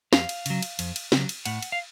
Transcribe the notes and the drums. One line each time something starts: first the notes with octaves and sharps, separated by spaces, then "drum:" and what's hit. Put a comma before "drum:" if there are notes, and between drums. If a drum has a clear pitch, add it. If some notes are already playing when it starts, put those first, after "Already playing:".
F2 F5, drum: snare
drum: cymbal
C#3 F#3, drum: cymbal
drum: cymbal
F2, drum: cymbal
drum: cymbal
C#3 F#3, drum: snare
drum: cymbal
A2 F#5, drum: cymbal
drum: cymbal
F5